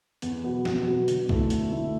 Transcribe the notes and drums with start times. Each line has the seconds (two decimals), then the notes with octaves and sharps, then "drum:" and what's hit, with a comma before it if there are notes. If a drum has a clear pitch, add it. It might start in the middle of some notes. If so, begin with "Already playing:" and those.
0.22 E2, drum: hi-hat
0.44 B2 F#3 B3
0.65 E2, drum: snare
0.87 B2 F#3 B3
1.08 D3, drum: hi-hat
1.29 A3 E4, drum: kick C2
1.50 D3, drum: hi-hat
1.72 A3 E4